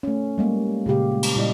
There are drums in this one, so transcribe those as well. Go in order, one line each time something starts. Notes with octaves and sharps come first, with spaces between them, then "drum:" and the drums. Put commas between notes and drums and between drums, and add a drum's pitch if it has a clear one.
A3 C#4
G3 G#3 A#3
A#2 C#3 G4 F5
G#3
drum: cymbal
A#2 G3 E4 D5 D#5